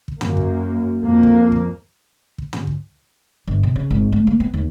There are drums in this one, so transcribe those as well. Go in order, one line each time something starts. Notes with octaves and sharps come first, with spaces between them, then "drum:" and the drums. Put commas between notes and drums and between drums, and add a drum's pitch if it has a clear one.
drum: kick
F#2 A#3, drum: tom
drum: kick
F2 A#3
drum: kick
drum: kick
drum: kick
drum: tom
drum: kick
G1
C3
C#3
G#1
A3
A#3
B3
D#2